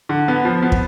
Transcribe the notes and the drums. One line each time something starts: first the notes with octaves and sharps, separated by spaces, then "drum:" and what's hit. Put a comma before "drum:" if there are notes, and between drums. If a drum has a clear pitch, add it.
D3
B3
F3
B3
drum: kick